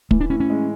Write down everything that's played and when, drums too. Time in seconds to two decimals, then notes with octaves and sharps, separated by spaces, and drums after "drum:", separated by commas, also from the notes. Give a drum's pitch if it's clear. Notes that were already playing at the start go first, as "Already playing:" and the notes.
0.11 E3 A3, drum: kick
0.20 D4
0.30 A2 C#4
0.40 C#4
0.50 G#3